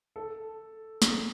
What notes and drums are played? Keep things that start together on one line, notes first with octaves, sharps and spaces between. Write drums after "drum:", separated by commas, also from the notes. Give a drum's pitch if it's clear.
A4
drum: snare